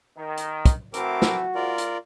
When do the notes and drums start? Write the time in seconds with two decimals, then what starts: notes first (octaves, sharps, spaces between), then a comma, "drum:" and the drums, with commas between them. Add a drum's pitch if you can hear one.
0.18 D#3
0.37 drum: hi-hat
0.65 drum: kick, hi-hat
0.94 E3 A3 C4 F#4 A#4 D6, drum: hi-hat
1.22 drum: snare
1.55 G#2 F4 A#4 D5
1.78 drum: hi-hat